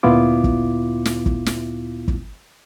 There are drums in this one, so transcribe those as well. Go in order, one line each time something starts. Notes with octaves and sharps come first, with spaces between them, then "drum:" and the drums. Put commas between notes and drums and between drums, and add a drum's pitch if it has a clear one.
D2 A#2 B3 E4 F4 D6
drum: kick
drum: snare
drum: kick
drum: snare
drum: kick